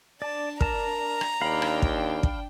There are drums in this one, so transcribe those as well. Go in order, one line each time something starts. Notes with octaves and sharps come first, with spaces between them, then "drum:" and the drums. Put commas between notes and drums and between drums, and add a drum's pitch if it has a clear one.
D4 D5 A5
A#4 A5 A#5, drum: kick
drum: rim click
D#2 D4 F5 G5 B5
drum: rim click
drum: kick
drum: kick